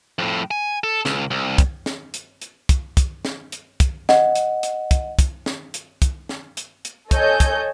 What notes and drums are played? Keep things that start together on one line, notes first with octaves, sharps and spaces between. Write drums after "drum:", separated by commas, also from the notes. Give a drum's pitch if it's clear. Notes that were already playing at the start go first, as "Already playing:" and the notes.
F2 A2
G#5
A4
C#2, drum: snare
C2
drum: kick, hi-hat
drum: snare
drum: hi-hat
drum: hi-hat
drum: kick, hi-hat
drum: kick, hi-hat
drum: snare
drum: hi-hat
drum: kick, hi-hat
D#5 F#5, drum: snare
drum: hi-hat
drum: hi-hat
drum: kick, hi-hat
drum: kick, hi-hat
drum: snare
drum: hi-hat
drum: kick, hi-hat
drum: snare
drum: hi-hat
drum: hi-hat
A4 C#5 D#5 G#5 G6, drum: kick, hi-hat
drum: kick, hi-hat